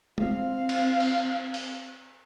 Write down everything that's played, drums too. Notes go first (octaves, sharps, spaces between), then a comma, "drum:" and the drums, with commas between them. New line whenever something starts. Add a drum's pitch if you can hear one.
C4 F5, drum: tom
drum: cymbal
drum: cymbal
drum: open hi-hat